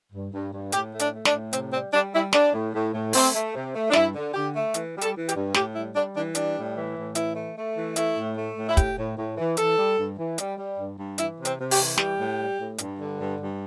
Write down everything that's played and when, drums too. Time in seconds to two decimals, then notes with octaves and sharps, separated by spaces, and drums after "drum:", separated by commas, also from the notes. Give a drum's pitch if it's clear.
0.12 G2
0.32 G2
0.52 G2
0.72 A2 G4, drum: hi-hat
0.92 A3
0.99 D4, drum: hi-hat
1.13 A3
1.25 D4, drum: snare
1.32 A2
1.53 C3 C4, drum: hi-hat
1.73 G3 C4
1.92 G3 D4
2.13 G3 E4
2.33 G3 D4, drum: snare
2.53 A2
2.73 A2
2.93 A2
3.13 A3 C4, drum: open hi-hat
3.33 A3
3.54 C3
3.74 A3
3.90 D4
3.93 G2 E4, drum: snare
4.15 D3
4.34 D3 G4
4.55 A3
4.74 E3, drum: hi-hat
4.95 G3
5.01 A4, drum: hi-hat
5.15 E3
5.29 G4, drum: hi-hat
5.35 G2
5.54 A2 G4, drum: snare
5.75 G3 E4
5.95 G3 D4
6.15 E3 D4
6.35 G3 D4, drum: hi-hat
6.56 A2
6.75 E3
6.96 A2
7.15 E3 E4, drum: hi-hat
7.36 A3
7.56 A3
7.75 E3
7.96 A3 E4, drum: hi-hat
8.17 A2
8.36 A3
8.57 A2
8.69 E4
8.77 A3 G4, drum: kick, hi-hat
8.97 A2
9.17 A2
9.37 E3
9.57 E3 A4, drum: hi-hat
9.77 G3
9.98 G2
10.17 E3
10.38 G3, drum: hi-hat
10.57 G3
10.77 G2
10.97 G2
11.18 E3 E4, drum: hi-hat
11.38 C3
11.45 C4, drum: hi-hat
11.58 C3
11.71 G4, drum: open hi-hat
11.78 E3
11.98 G3 G4, drum: snare
12.19 A2
12.38 G3
12.59 A2
12.78 G2, drum: hi-hat
12.99 D3
13.19 G2
13.38 G2